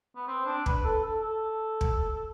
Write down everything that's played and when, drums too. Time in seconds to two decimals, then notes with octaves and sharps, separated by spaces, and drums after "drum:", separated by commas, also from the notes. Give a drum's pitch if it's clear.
0.16 B3
0.27 C4
0.46 D4
0.66 B4, drum: kick
0.84 A4
1.04 A4
1.23 A4
1.81 drum: kick